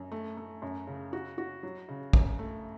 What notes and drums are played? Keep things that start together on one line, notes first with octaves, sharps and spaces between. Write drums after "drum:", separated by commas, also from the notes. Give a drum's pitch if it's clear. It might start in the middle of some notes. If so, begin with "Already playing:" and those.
Already playing: F#2
A3
A3
F#2
C#3
F#4
F#4
F#3
C#3
F#2, drum: kick
A3